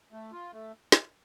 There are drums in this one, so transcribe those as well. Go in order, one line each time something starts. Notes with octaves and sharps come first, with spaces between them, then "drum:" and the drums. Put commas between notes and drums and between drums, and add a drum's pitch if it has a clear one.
A3
F4
A3
drum: snare